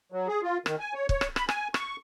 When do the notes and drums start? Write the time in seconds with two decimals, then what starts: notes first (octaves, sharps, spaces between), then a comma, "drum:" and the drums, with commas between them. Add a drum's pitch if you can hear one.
0.12 F#3
0.28 G#4
0.43 F4
0.66 D#3, drum: rim click
0.79 G#5
0.94 C#5
1.09 C#5, drum: kick
1.21 drum: rim click
1.36 B5, drum: rim click
1.49 G#5, drum: rim click
1.74 C#6, drum: rim click